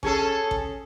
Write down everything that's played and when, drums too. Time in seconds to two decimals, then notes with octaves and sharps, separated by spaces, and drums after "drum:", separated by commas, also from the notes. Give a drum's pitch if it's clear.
0.03 C#4 G#4 A4, drum: kick A1
0.51 drum: kick A1